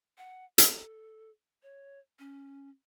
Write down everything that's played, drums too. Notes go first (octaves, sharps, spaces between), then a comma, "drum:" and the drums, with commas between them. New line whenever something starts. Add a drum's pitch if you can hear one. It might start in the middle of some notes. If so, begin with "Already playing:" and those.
F#5
A4, drum: hi-hat
C#5
C#4